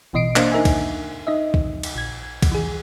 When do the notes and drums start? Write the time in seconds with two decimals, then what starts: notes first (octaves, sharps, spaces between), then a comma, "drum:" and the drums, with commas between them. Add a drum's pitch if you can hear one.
0.13 A1 B2 E3 D#5 C7 D7
0.36 A#3 D4 C5 D#5 F5, drum: clap
0.52 D#4 A#4 E5 G#5
0.65 drum: kick, cymbal
1.27 D#4 D#5 E5
1.54 drum: kick
1.83 drum: cymbal
1.95 A#1 G#6
2.43 drum: kick, cymbal
2.52 E3 G#4